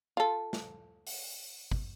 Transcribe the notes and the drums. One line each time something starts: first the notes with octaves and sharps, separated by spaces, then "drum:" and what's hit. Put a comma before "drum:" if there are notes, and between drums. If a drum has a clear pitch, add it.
F4 A4
drum: snare
drum: open hi-hat
drum: kick G1